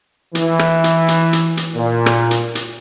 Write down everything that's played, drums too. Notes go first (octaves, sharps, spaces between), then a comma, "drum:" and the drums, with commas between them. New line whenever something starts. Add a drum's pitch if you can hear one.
E3, drum: hi-hat
drum: rim click
drum: hi-hat
drum: hi-hat
drum: hi-hat
drum: hi-hat
A#2
drum: rim click
drum: hi-hat
drum: hi-hat